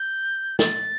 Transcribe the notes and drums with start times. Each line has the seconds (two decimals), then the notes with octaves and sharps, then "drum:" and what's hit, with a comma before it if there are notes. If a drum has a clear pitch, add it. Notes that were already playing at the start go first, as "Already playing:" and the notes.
Already playing: G6
0.59 A6, drum: snare